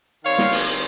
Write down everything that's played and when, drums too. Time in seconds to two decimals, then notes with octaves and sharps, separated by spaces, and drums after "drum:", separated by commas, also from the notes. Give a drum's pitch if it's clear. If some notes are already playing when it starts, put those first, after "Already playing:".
0.24 D#3 G3 C4 C#5 F5
0.38 drum: snare
0.52 drum: open hi-hat